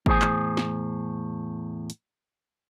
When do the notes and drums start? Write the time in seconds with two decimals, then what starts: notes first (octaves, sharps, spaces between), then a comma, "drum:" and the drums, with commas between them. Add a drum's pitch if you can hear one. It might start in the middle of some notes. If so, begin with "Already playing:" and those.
0.06 E2 A2 G#4 C5 G#5, drum: kick
0.22 drum: clap
0.57 drum: snare
1.90 drum: hi-hat